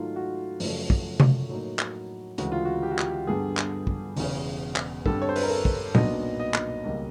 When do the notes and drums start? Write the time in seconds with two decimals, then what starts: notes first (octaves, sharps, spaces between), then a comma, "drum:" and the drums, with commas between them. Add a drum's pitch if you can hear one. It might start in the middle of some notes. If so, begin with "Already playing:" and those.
Already playing: G#2 D#3 F#3 A3 F4
0.16 F#4
0.60 F#2 C#3 F3 A3 C#4, drum: open hi-hat
0.90 drum: kick
1.20 drum: tom C3
1.49 A2 F#3 A#3 D#4
1.79 drum: clap
2.38 D2 C#3 E3 G#3 F#4, drum: hi-hat
2.52 F4
2.65 F#4
2.83 G4
2.91 F#4
2.99 G4, drum: clap
3.27 G2 D3 G3 B3 G#4
3.57 drum: clap
3.87 drum: kick
4.17 E1 E2 C#3, drum: open hi-hat
4.76 drum: clap
5.06 G2 D3 G3 C4 A4, drum: kick
5.22 C#5
5.29 C5
5.36 B4, drum: open hi-hat
5.43 A#4
5.50 A4
5.65 drum: kick
5.95 B1 A#2 F#3 B3 D4 D#5, drum: tom A#2
6.40 D#5
6.54 drum: clap
6.84 C#2 B2 G3 A#3